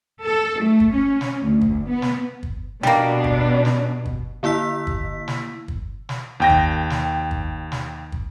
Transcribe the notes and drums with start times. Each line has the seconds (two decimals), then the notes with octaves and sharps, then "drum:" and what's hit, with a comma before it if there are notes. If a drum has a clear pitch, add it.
0.24 A4
0.60 A3
0.80 drum: kick
0.92 C#4
1.21 drum: snare
1.43 D2
1.61 drum: kick
1.88 B3
2.02 drum: snare
2.43 drum: kick
2.83 B2 G3 A#3 D4, drum: snare
3.24 drum: kick
3.65 drum: snare
4.05 drum: kick
4.43 D3 A#3 E4 E6 B6
4.87 drum: kick
5.28 drum: snare
5.68 drum: kick
6.09 drum: snare
6.40 D#2 G5 A#6
6.50 drum: kick
6.90 drum: snare
7.31 drum: kick
7.72 drum: snare
8.12 drum: kick